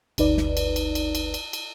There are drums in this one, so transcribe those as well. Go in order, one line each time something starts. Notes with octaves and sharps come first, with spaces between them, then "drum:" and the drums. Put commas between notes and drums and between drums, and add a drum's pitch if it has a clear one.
G1 D2 D#4 B4 D5, drum: cymbal
drum: snare
drum: cymbal
drum: cymbal
drum: cymbal
drum: cymbal
drum: cymbal
drum: cymbal